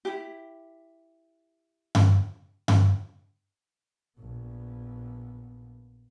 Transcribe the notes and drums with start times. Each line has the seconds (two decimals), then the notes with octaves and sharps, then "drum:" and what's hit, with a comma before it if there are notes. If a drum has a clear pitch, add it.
0.05 E4 G4
1.95 drum: tom G2
2.68 drum: tom G2
4.19 A#1 B3